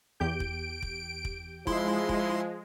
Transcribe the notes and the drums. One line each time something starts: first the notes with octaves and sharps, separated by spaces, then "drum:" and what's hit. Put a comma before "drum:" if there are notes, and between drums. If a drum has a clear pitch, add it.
E2 G4 G6 D7
drum: kick
drum: kick
drum: kick
F3 G#3 E4 C6, drum: kick
drum: kick